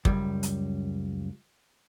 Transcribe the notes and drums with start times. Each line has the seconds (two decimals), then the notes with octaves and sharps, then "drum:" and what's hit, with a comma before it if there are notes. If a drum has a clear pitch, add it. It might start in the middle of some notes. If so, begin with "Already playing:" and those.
0.05 C#2 F#2 G3, drum: kick
0.43 drum: hi-hat